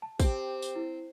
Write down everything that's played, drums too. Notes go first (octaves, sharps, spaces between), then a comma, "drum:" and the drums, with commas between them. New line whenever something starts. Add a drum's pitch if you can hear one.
A5
C4 G4, drum: kick, tambourine
drum: tambourine
E4